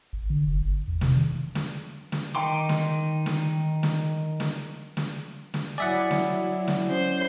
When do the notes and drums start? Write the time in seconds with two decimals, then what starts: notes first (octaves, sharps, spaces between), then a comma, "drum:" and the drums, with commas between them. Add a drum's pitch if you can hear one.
0.13 A1
0.30 D3
0.48 F#1
0.62 G1
0.88 F2
1.01 C3, drum: snare
1.16 D#3
1.55 drum: snare
2.12 drum: snare
2.35 D#3 D#4 G5 C6 D6
2.69 drum: snare
3.26 drum: snare
3.83 drum: snare
4.40 drum: snare
4.97 drum: snare
5.54 drum: snare
5.78 F#3 E4 D5 E5 F#5 G#5 D#6 A6
6.11 drum: snare
6.68 drum: snare
6.91 C#4 C5